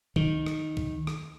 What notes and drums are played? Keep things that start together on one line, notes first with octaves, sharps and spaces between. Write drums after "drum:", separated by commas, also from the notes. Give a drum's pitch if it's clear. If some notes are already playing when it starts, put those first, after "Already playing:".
D#3, drum: kick
drum: rim click
drum: kick
drum: rim click